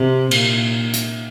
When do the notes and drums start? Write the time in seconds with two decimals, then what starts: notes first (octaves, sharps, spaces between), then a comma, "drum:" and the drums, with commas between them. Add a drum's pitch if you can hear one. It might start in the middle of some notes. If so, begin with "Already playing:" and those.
Already playing: C3
0.31 A#2, drum: cymbal
0.94 drum: hi-hat